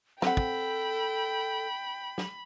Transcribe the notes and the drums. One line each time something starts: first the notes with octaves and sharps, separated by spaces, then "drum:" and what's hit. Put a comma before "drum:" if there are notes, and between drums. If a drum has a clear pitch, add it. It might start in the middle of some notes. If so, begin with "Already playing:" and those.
C4 A4 F#5 G5 B5, drum: snare
drum: kick
drum: snare